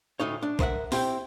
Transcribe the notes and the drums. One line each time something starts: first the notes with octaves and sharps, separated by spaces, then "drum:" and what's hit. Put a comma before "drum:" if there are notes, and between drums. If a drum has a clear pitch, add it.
D2 A2 D#4 C#5
D4
A#4 C5 D#5 E5 F#5, drum: kick
C4 E4 G4 G5, drum: open hi-hat